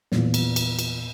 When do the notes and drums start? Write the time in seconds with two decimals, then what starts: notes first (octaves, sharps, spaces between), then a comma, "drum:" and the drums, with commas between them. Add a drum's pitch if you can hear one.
0.12 E2 A#2, drum: snare
0.34 drum: cymbal
0.56 drum: cymbal
0.79 drum: cymbal